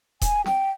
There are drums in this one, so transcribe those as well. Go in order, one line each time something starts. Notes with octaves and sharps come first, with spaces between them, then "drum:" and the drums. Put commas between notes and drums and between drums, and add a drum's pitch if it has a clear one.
G#5, drum: kick D#1, hi-hat
G5, drum: snare